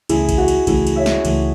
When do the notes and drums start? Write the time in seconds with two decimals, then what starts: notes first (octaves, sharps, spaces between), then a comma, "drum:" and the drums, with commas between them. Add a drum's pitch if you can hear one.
0.09 C#2 C#3 E3 A3 E4 G#4, drum: cymbal
0.29 drum: kick A#1, cymbal
0.38 F#4
0.48 drum: cymbal
0.67 C#2 C#3 E3 A3 E4 G#4, drum: kick A#1, cymbal
0.87 drum: cymbal
0.96 C#5 E5
1.06 drum: snare
1.25 C#2 C#3 E3 A3, drum: cymbal